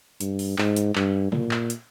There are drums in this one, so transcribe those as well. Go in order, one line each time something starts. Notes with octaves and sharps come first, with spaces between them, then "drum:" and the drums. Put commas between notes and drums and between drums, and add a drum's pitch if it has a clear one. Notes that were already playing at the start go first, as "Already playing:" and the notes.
G2, drum: hi-hat
drum: open hi-hat
G#2, drum: clap
drum: hi-hat
G2, drum: clap
A#2, drum: tom
drum: clap
drum: hi-hat